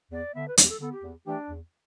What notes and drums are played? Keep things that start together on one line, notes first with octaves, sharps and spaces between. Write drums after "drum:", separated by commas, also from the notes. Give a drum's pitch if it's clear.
E2 D5
D3 B3 E5
B4
E2 D5, drum: hi-hat
G4
A4
D3 B3 A4
G4
E2
E3 A3 D4 G4
E2